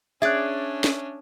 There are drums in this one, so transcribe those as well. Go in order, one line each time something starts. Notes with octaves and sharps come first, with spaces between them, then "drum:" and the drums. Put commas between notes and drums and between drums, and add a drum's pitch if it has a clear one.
C#4 D4 G#4 D5 E5 F#6
drum: snare